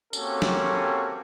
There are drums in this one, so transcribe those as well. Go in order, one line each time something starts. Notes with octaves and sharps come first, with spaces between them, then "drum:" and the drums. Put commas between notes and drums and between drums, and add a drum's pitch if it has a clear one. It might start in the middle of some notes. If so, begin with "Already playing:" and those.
A#3 C4 C#4 F#4 G4 A4, drum: tambourine
drum: snare